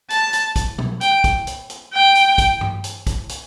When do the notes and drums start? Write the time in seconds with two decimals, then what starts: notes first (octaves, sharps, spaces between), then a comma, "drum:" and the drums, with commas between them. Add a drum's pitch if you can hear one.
0.10 A5, drum: hi-hat
0.33 drum: hi-hat
0.56 drum: kick, hi-hat
0.78 drum: tom
1.01 G5, drum: hi-hat
1.24 drum: kick, hi-hat
1.47 drum: hi-hat
1.70 drum: hi-hat
1.93 G5
2.15 drum: hi-hat
2.38 drum: kick, hi-hat
2.61 drum: tom G2
2.84 drum: hi-hat
3.07 drum: kick, hi-hat
3.29 drum: hi-hat